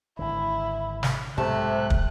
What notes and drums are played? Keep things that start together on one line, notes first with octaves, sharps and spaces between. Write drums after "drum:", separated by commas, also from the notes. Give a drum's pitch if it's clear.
G#1 D3 E4
drum: snare
B1 G#2 C3 G#3 A3 F#6
drum: kick